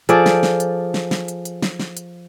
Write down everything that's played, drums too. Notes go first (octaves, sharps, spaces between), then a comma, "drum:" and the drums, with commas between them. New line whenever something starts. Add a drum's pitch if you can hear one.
F3 G#4 A4 D5, drum: hi-hat
drum: snare
drum: snare
drum: hi-hat
drum: snare
drum: snare
drum: hi-hat
drum: hi-hat
drum: snare
drum: snare
drum: hi-hat